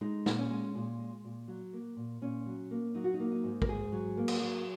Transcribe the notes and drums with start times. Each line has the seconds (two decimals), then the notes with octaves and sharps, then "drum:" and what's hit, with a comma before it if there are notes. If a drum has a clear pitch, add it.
0.01 G#3 D#4
0.26 A#2, drum: snare
0.38 C#4
0.50 G#3
0.75 A#2
0.99 G#3
1.24 A#2
1.48 F#3
1.73 A#3
1.97 A#2
2.21 A#2 C#4
2.46 F#3
2.71 A#3
2.94 F#3 D#4
3.04 F#4
3.14 D#4
3.20 A#3
3.32 D#4
3.44 G#2
3.62 A#4, drum: kick
3.69 G#2 G#4
3.92 F#3
4.17 A#3
4.28 drum: cymbal
4.42 F#3